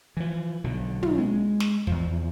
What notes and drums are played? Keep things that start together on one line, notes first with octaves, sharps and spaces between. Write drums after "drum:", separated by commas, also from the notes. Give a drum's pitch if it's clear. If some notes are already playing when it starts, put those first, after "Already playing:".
E3 F3
B1 B2 D3
drum: tom
G#3
drum: snare
E2 F3, drum: kick